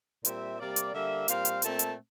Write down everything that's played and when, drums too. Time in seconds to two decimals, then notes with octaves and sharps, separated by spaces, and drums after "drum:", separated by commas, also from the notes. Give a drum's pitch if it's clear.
0.25 A#2 G3 C4 E5, drum: hi-hat
0.59 C3 G3 A#3 D5
0.76 drum: hi-hat
0.94 D3 G3 A#3 E5
1.28 A#2 G3 C4 F5, drum: hi-hat
1.45 drum: hi-hat
1.62 A#2 A3 C4 A5, drum: hi-hat
1.79 drum: hi-hat